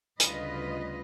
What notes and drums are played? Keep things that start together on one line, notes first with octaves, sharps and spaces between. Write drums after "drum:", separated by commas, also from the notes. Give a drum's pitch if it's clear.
D2 C#3 G3 F4 B4 D#5, drum: hi-hat